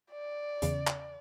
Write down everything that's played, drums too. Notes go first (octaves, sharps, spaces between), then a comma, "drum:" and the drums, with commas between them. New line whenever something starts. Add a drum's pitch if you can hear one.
D5
E2 C#3, drum: hi-hat
drum: clap